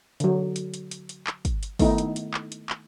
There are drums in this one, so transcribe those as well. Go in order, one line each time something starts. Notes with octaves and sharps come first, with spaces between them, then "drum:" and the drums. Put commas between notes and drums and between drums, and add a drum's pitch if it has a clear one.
D3 F#3, drum: hi-hat
drum: hi-hat
drum: hi-hat
drum: hi-hat
drum: hi-hat
drum: clap
drum: kick, hi-hat
drum: hi-hat
D#3 A3 B3 D#4 E4, drum: kick, open hi-hat
drum: hi-hat
drum: hi-hat
drum: clap
drum: hi-hat
drum: clap